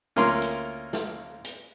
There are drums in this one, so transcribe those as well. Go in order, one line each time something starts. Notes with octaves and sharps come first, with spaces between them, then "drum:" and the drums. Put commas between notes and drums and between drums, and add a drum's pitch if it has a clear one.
D2 A#3 C#4 F4 A#4 C6
drum: hi-hat
drum: snare
drum: hi-hat